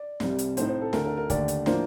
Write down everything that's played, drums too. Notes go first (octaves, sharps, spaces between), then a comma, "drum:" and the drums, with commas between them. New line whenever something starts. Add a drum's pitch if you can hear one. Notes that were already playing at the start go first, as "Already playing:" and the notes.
Already playing: D5
C2 C3 G3, drum: snare
drum: hi-hat
A2 A3 C4 D#4 C5, drum: hi-hat
C5
A4
D2 D3 A3 A#4, drum: snare
A#4
A#4
D#2 D3 A3 D5, drum: kick, hi-hat
drum: hi-hat
A2 F3 A#3 D4 C5, drum: snare